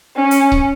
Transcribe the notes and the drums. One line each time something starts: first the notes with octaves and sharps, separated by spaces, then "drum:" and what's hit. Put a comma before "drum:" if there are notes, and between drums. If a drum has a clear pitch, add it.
C#4
drum: hi-hat
drum: kick C#1